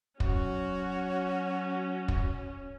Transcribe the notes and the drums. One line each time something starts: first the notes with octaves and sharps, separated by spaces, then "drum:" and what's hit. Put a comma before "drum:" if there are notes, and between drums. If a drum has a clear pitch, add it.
F#3 C#4 F#4, drum: kick
drum: kick